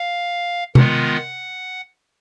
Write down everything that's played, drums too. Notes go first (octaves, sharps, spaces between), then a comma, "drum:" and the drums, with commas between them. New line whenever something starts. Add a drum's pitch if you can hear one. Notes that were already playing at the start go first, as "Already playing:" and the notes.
Already playing: F5
D#3 G#3 B3 F4 F#5, drum: tom C3